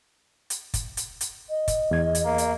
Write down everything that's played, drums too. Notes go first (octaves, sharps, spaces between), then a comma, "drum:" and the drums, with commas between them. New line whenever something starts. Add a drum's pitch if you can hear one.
drum: hi-hat
drum: kick, hi-hat
drum: hi-hat
drum: hi-hat
D#5
drum: kick, hi-hat
E2 G#6
drum: hi-hat
A#3
drum: hi-hat